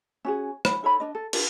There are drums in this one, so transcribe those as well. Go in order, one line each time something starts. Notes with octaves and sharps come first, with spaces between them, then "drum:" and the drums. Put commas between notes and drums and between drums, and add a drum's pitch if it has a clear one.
C#4 F#4 G#4
B5, drum: rim click
D#4 A4 C#5 B5
D4 D#5
A4
D4, drum: cymbal